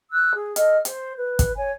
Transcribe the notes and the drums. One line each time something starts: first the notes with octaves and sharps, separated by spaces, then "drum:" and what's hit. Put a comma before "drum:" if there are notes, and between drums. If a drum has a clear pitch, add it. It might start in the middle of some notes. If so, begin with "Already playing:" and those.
E6 F#6
G#4
A4 D#5 F6, drum: hi-hat
C5, drum: hi-hat
B4
drum: kick, hi-hat
C#5 G#5